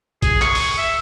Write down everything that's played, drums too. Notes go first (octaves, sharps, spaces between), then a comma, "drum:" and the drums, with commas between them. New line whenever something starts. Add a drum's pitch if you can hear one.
G#4, drum: kick A#1, hi-hat
C#6, drum: clap
drum: open hi-hat
E5